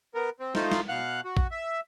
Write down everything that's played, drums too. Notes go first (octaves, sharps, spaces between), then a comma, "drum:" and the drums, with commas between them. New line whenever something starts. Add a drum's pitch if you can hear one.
B3 A#4
C4
A3 D#4 F4 C5, drum: snare
drum: snare
B2 F5 F#5 F#6
F#4
drum: kick
E5